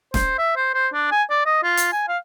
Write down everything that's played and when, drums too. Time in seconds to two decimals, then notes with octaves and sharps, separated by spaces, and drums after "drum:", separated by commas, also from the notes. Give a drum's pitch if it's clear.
0.14 C5, drum: snare
0.39 E5
0.56 C5
0.74 C5
0.93 D4
1.12 G#5
1.30 D5
1.46 D#5
1.64 F4
1.77 drum: hi-hat
1.92 G#5
2.08 F5